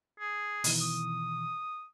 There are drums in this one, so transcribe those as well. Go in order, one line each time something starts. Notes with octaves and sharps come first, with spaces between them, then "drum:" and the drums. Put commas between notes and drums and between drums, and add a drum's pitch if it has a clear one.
G#4
B2 D#3 E3, drum: open hi-hat
D#6